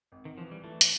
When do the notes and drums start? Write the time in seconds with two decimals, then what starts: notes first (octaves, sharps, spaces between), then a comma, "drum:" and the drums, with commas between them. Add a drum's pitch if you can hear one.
0.12 G#1
0.25 D#3
0.38 E3 F3
0.51 G3
0.64 E3 A3
0.81 drum: hi-hat